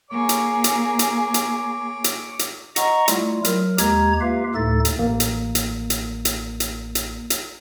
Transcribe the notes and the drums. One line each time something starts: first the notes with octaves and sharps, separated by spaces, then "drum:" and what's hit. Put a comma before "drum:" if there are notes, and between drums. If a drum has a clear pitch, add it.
A#3 G#4 C#5 D6
drum: hi-hat
drum: hi-hat
drum: hi-hat
drum: hi-hat
drum: hi-hat
drum: hi-hat
D#5 F#5 A#5 C#6, drum: hi-hat
G3 A3 E4 F4, drum: hi-hat
F#3 A#4, drum: hi-hat
D#2 G#3 G4 A#5 G#6, drum: hi-hat
A#3 F4 G4 B4 E5 F5
D2 A2 A3 D#4 A4 A6
drum: hi-hat
A1 A#3
drum: hi-hat
drum: hi-hat
drum: hi-hat
drum: hi-hat
drum: hi-hat
drum: hi-hat
drum: hi-hat